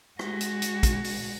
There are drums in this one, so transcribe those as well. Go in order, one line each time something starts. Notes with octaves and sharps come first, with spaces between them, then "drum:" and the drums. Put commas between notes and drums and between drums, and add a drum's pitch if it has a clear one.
G#3 F#4, drum: rim click
drum: hi-hat
drum: hi-hat
drum: kick, hi-hat
drum: open hi-hat